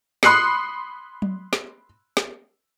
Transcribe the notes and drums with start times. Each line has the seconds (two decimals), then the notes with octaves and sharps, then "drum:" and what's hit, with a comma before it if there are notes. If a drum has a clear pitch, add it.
0.23 B5 C6 D#6 F#6 C7 C#7, drum: snare
1.22 drum: tom F#3
1.53 drum: snare
2.17 drum: snare